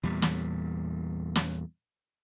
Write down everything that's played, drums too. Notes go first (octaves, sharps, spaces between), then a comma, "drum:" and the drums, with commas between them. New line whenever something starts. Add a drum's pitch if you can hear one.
E2 A#2 G3
drum: snare
drum: snare